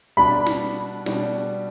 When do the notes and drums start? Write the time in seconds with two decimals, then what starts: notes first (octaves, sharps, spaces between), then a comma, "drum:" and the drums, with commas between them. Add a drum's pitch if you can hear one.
0.17 B2 G3 D4 B5
0.46 drum: snare
1.06 B2 G3 D4, drum: snare